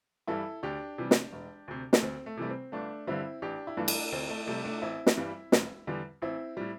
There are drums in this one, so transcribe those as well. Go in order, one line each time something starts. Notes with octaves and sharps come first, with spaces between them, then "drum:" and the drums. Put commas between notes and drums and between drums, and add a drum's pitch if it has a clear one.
G2 E3 G3 E4 A4
D2 D4 G4
C3 E3 G3
drum: snare
E1
D2 C3
A3, drum: snare
D2 C4
A3
C3 E3 G3 A3
C4
G1 A3 D4
G2 D3 G3 C4 E4
A1 D4 G4
E4
G2 E3 A3 D4
drum: cymbal
D2 C4
A3
C3 G3 A3
A3 D4
A1 C4 E4
drum: snare
G2 E3 G3
E1, drum: snare
E2 D3 G3
A1 C4 E4
A2 G3